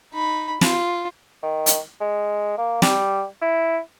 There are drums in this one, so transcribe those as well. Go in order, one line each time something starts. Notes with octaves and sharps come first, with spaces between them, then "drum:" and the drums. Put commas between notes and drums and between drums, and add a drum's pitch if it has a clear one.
D#4 B5
F4, drum: snare
D#3
drum: hi-hat
G#3
A#3
G3, drum: snare
E4